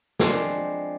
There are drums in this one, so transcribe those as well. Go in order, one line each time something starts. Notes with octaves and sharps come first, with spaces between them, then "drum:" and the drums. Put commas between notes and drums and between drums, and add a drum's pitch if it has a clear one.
F3 G#3 C4 D4 B4, drum: snare